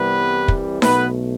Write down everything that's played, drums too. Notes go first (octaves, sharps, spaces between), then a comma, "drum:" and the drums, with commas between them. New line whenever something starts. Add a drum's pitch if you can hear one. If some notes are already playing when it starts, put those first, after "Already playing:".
Already playing: C2 C3 E3 G3 B3 B4
drum: kick
B1 B2 A3 B3 B4, drum: snare D#4